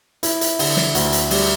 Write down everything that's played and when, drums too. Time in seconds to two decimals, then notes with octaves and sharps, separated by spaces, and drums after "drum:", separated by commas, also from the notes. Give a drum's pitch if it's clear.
0.23 E4, drum: hi-hat
0.41 drum: hi-hat
0.59 D3, drum: open hi-hat
0.77 drum: snare
0.95 D2, drum: hi-hat
1.12 drum: hi-hat
1.30 G3, drum: open hi-hat